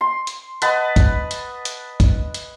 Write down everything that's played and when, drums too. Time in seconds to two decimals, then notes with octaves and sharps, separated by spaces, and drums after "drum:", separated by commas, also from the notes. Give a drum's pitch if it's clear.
0.01 C6
0.27 drum: hi-hat
0.62 B4 D#5 F#5 A5, drum: hi-hat
0.96 drum: kick, hi-hat
1.31 drum: hi-hat
1.65 drum: hi-hat
2.00 drum: kick, hi-hat
2.34 drum: hi-hat